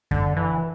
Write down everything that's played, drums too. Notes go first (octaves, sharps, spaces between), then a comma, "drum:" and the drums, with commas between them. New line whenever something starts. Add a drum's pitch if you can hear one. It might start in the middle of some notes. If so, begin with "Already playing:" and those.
D3, drum: kick F#2
E3